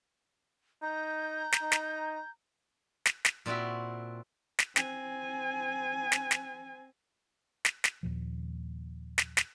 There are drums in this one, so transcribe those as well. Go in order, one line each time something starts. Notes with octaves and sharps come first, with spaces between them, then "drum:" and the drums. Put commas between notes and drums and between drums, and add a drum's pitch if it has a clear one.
D#4 A#5 G6
drum: snare
D#4
drum: snare
drum: snare
drum: snare
A#2 C4 E4 F#4 B5
drum: snare
C4 G#5, drum: snare
drum: snare
drum: snare
drum: snare
drum: snare
D#2 A#2 F3
drum: snare
drum: snare